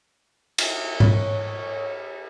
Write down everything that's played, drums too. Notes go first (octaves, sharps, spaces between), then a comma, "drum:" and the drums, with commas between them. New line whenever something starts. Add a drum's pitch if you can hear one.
drum: cymbal
C#5, drum: tom G#2